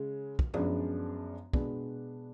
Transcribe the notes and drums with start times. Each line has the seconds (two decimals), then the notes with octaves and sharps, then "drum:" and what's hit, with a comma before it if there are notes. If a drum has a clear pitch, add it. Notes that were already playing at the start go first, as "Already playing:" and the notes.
Already playing: C#3 G#3 C#4
0.39 drum: kick
0.54 F#2 F3 G#3 B3 D4, drum: tom F#2
1.53 B2 G#3 B3 D4, drum: kick